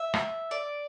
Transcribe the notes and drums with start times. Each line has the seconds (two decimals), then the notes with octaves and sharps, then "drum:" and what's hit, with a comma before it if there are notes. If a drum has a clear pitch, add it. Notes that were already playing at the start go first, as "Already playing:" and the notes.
Already playing: E5
0.14 drum: rim click
0.51 D5